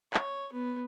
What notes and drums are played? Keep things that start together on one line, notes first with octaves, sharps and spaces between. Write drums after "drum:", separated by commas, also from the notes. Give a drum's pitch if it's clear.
C#5, drum: clap
B3